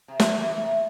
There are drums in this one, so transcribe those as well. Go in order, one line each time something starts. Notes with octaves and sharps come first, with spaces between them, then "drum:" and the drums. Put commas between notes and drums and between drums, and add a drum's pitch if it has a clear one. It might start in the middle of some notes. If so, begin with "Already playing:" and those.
C3
D3, drum: snare
C3 E3
C3 E3
C3